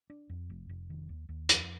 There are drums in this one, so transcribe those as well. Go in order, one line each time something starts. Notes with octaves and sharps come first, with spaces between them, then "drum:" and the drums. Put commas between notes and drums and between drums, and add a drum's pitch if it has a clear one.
D4
F2
F1
F1
D#3
D#2
D#2
F2, drum: hi-hat